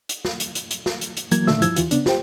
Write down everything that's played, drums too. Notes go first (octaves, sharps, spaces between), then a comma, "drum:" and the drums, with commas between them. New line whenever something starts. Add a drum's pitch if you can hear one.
drum: hi-hat
drum: snare
drum: hi-hat
drum: hi-hat
drum: hi-hat
drum: snare
drum: hi-hat
drum: hi-hat
E3 F#3 A#3 G#6, drum: hi-hat
A#2 D3 D#3 A3 E5 E6, drum: snare
G2 F3 E4 E6 G#6, drum: hi-hat
D#2 E3 F4, drum: hi-hat
C#3 B3 D4, drum: hi-hat
F4 G4 C5 G5, drum: snare